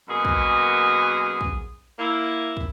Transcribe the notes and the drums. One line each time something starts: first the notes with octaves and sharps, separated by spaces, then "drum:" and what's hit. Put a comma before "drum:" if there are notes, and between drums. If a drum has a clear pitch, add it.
F#2 B2 A#3 G#4
drum: kick
drum: kick
A#3 E4
drum: kick